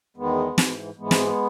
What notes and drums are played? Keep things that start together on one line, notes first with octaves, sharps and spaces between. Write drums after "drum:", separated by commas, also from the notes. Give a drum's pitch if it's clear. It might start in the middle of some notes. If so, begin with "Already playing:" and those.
E2 D#3 G#3 B3
G#2 E3, drum: snare
G#2 E3 G#3 B3
drum: snare